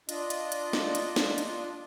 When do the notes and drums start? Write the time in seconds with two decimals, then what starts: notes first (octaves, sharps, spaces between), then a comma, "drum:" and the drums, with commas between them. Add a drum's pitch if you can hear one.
0.09 D4 F4 D#5, drum: hi-hat
0.30 drum: hi-hat
0.52 drum: hi-hat
0.73 drum: snare
0.95 drum: hi-hat
1.16 drum: snare
1.38 drum: hi-hat